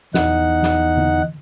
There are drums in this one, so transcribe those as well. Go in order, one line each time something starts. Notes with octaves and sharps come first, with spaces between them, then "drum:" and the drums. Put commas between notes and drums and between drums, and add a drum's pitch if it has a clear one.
E2 D#4 F#5, drum: snare
drum: snare
drum: tom D3